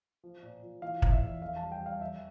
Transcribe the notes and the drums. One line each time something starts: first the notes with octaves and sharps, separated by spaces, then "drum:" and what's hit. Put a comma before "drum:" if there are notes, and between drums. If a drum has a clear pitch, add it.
F3
A#2
F3
E3 F5
E2, drum: kick
E5
E2
F2 F5
A5
G3
G5
G3 F5
F2 E5